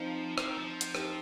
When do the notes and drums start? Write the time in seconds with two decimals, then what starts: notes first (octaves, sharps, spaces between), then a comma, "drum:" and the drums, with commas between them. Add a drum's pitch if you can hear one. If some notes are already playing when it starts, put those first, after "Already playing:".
Already playing: F3 C4 D#4
0.38 F3, drum: rim click
0.48 D#3
0.58 F3
0.81 drum: hi-hat
0.95 D#4 G4, drum: rim click